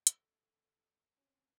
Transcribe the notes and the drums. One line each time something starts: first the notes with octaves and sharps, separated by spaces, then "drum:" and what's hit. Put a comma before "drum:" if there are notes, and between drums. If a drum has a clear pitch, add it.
A4, drum: hi-hat
C4 C#4